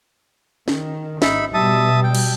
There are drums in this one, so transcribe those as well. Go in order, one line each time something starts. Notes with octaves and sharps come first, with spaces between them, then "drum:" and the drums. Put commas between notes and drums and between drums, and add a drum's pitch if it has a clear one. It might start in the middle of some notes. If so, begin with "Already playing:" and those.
D#3, drum: snare
G#1 D#4 E5 B5, drum: snare
B2 G3 E5 A5 D#6
G5
drum: cymbal